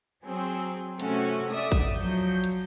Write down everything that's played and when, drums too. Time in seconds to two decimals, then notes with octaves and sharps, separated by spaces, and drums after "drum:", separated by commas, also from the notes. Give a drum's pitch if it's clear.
0.23 F#3 C4 G#4
1.00 C3 A3 C#4 F#4, drum: hi-hat
1.50 D5 E5 D#6
1.72 drum: kick A1, hi-hat
1.96 F3 F#3 G6
2.44 drum: hi-hat